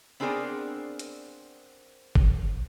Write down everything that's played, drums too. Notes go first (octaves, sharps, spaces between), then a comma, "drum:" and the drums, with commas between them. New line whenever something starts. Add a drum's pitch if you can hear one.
B3 C4 D4 G#4 A#4 D5
drum: hi-hat
drum: kick